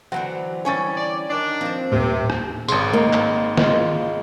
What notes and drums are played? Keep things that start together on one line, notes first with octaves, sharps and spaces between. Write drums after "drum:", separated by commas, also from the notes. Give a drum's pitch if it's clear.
D3 E3 F#3 C4 F#5
G3 C#4 C#5 G#5 A6
D5
D#3 D4
F3 C4 C5
D#1 C3
drum: rim click
G#1 C#3 C6, drum: tambourine
D#3 A#3
drum: clap
G#3 F4, drum: snare